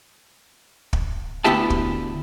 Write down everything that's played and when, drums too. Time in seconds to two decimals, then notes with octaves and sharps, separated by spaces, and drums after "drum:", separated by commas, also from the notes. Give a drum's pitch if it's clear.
0.93 drum: kick
1.44 D2 B3 E4 G4 E5 A5
1.70 drum: kick